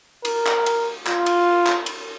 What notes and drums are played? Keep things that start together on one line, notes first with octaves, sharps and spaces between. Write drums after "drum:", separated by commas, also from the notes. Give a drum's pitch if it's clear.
A#4, drum: cymbal
drum: clap
drum: cymbal
F4, drum: clap
drum: cymbal
drum: clap
drum: cymbal